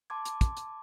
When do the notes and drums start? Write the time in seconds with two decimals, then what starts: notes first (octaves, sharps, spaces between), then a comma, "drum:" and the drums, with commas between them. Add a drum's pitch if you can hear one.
0.10 A5 C6 D6 G#6
0.25 drum: hi-hat
0.41 drum: kick, hi-hat
0.57 drum: hi-hat